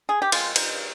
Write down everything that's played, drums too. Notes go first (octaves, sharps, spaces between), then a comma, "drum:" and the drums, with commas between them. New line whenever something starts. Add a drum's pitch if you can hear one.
G#4
G4
F3 G#3 C4 F4, drum: cymbal
drum: cymbal